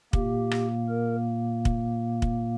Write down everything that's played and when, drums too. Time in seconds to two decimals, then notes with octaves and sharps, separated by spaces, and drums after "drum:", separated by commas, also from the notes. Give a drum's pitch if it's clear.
0.13 A#2 A#3 G4, drum: kick
0.51 drum: rim click
0.89 A#4
1.65 drum: kick
2.22 drum: kick